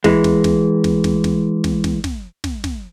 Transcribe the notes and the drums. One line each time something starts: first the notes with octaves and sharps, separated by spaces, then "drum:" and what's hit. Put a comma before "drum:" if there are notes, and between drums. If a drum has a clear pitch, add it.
E3 G#3, drum: snare
drum: snare
drum: snare
drum: snare
drum: snare
drum: snare
drum: snare
drum: snare
drum: snare
drum: snare
drum: snare